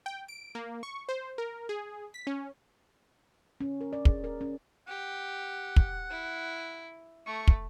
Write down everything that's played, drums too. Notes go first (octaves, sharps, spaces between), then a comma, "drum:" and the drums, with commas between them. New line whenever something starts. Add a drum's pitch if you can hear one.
G5
D7
A#3
C#6
C5
A#4
G#4
B6
C#4
C#4
A#4
D5
G#4, drum: kick
A#4
C#4
G4 F#5
drum: kick
E4
A3 C#6
drum: kick